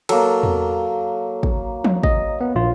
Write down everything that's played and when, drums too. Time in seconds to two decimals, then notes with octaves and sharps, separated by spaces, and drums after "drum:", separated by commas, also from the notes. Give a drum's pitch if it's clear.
0.09 F#3 A#3 A4, drum: cymbal
0.43 drum: tom E2
1.43 drum: kick
1.85 drum: tom F3
2.03 D#5, drum: kick
2.41 B3
2.55 A#1 F4